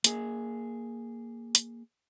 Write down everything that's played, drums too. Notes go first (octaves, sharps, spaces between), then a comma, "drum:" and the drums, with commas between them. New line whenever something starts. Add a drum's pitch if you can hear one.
A#3 G#4, drum: hi-hat
drum: hi-hat